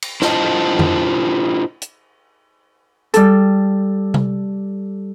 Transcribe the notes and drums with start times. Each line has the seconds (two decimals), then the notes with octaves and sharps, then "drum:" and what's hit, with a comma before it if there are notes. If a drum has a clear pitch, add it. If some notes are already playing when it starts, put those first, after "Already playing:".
0.02 drum: cymbal
0.22 D4 E4 F4 C5 D#5 A5, drum: snare
0.79 drum: tom F2
1.82 drum: hi-hat
3.14 G3 A4, drum: hi-hat
4.14 drum: tom C3